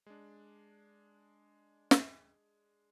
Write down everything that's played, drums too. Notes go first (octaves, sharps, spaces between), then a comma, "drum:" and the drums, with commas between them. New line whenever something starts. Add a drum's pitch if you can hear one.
G#3 D4
drum: snare